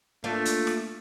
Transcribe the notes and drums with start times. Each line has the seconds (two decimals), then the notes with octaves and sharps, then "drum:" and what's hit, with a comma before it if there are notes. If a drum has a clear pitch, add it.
0.24 A3 A#3 D4 F4
0.45 drum: hi-hat
0.67 drum: rim click